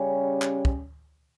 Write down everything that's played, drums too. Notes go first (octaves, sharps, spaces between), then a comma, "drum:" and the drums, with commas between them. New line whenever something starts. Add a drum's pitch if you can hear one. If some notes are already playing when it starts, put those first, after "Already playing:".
Already playing: C#3 G3 C#4 G4 C#5
drum: clap
drum: kick